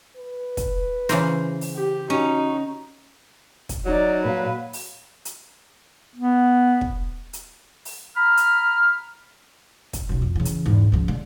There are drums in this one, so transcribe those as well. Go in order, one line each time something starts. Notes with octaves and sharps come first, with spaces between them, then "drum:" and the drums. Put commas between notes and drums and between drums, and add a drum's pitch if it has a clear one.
B4
drum: kick, hi-hat
C#3 E3 A#4 C5, drum: hi-hat
drum: open hi-hat
G4
C#4 D#4 F#4
drum: kick, hi-hat
F#3 D#4 D5
A#2 B4 F5
drum: open hi-hat
drum: hi-hat
B3
drum: kick
drum: hi-hat
drum: open hi-hat
A#5 B5 F6
drum: hi-hat
drum: kick, hi-hat
B1 F#2
F2
C#3 E3
drum: hi-hat
E2 G#2
C#2 F3
D3 G#3